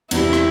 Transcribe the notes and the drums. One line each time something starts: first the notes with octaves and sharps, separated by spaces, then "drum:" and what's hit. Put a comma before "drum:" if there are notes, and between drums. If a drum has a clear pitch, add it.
E2 C3 G3 E4, drum: cymbal
drum: rim click